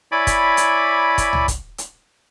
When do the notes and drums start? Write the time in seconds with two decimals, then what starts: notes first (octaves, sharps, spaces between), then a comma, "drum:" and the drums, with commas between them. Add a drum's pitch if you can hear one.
0.12 E4 C#5 D5 G#5 B5 D6
0.27 drum: kick, hi-hat
0.57 drum: hi-hat
1.18 drum: kick, hi-hat
1.33 drum: tom C2
1.48 drum: kick, hi-hat
1.78 drum: hi-hat